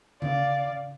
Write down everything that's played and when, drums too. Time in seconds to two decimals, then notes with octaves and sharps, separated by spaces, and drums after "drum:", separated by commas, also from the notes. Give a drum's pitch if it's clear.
0.22 D5 F5, drum: tom C#3